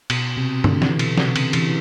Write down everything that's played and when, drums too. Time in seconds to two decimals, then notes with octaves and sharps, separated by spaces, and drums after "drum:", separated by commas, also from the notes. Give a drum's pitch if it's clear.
0.10 B2, drum: cymbal
0.37 C3
0.64 D3, drum: tom G2
0.82 E3, drum: snare
0.99 B2, drum: cymbal
1.18 C3, drum: snare
1.36 C#3, drum: cymbal
1.53 E3, drum: cymbal